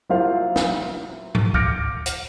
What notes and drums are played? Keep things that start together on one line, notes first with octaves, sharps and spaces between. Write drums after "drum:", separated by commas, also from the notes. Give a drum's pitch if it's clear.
F#3 A#3 E4 F4 C5 F5
drum: snare
drum: tom G#2
D6 F6 G6 A#6 C#7 D7, drum: kick
drum: hi-hat